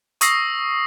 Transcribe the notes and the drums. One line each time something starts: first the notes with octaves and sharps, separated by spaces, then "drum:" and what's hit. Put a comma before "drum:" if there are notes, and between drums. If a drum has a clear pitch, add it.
C#6 D#6 E6 A#6 C7, drum: hi-hat